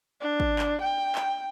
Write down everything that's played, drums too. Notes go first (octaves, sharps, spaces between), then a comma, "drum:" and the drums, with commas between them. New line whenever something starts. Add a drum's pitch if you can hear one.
D4
drum: kick
drum: clap
G5
drum: clap